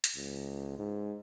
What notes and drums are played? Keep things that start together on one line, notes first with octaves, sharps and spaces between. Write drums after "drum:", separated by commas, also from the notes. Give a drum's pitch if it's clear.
drum: hi-hat
C#2
G#2